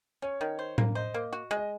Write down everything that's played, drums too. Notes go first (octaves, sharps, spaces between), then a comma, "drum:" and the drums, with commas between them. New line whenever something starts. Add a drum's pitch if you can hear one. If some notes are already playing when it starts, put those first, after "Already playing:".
C#4 C#5
D#3
C5
A#3, drum: tom A2
C5 D#5
A#3
F#4
G#3
D#5